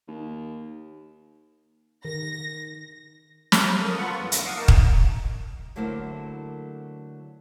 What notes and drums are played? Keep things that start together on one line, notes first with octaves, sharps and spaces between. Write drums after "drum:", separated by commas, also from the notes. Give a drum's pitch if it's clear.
D#2
D#3 A#6
drum: snare
C#3 A4 A#4 D#6
F4 A4 B4 F#5 B5 C#6
E2 G#2
E2 A#2, drum: hi-hat
F5 F#5 D6 D#6
A#3 D#4 F#4 A#4 A5
drum: kick
D3 F#3 A3 A#3 E4 C5